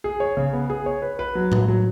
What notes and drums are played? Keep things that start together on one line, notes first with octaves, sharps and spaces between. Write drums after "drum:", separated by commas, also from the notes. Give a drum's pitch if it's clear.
G#4
C#5
C#3
B3
G#4
C#5
B4
B4
F#3
F#3, drum: tom A2
F#3